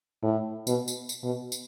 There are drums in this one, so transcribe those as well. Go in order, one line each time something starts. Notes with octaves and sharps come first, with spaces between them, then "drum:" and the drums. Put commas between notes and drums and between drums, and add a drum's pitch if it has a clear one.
A2
B2, drum: tambourine
drum: tambourine
drum: tambourine
B2
drum: tambourine